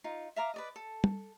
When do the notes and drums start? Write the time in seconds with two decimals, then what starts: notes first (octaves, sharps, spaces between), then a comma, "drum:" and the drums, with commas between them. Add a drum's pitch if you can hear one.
0.04 D#4 F4
0.36 E5 F5 A#5 D6
0.54 B4 D5 D#5
0.76 A4
1.04 drum: tom